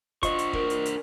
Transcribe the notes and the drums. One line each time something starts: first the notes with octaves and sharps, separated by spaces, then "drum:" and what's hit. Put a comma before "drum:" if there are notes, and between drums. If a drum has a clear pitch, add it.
D4 F4 C5 D#5 C#6, drum: kick, hi-hat
drum: hi-hat
A#4, drum: kick
drum: hi-hat
drum: hi-hat